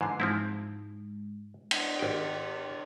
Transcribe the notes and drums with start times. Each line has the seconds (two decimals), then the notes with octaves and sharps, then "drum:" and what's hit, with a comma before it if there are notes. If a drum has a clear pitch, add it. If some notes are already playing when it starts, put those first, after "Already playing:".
0.01 G#2 D3 E3 C7
0.20 G#2 F3 C4 E4
1.71 drum: cymbal
1.99 G#1 G4 G5